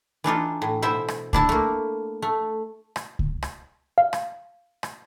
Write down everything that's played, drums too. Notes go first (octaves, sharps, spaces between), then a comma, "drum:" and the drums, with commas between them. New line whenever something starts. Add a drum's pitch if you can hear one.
E3 D4 D#4 F4
A2
B2 E4 C5 E5
drum: rim click
D4 E4 A5, drum: kick C#2
A3 A#3
A3
drum: rim click
drum: kick C#2
drum: rim click
F5
drum: rim click
drum: rim click